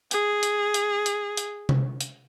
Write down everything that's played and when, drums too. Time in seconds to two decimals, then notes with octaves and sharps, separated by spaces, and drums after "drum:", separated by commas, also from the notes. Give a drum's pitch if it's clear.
0.11 G#4, drum: hi-hat
0.43 drum: hi-hat
0.74 drum: hi-hat
1.06 drum: hi-hat
1.37 drum: hi-hat
1.69 drum: tom C3
2.01 drum: hi-hat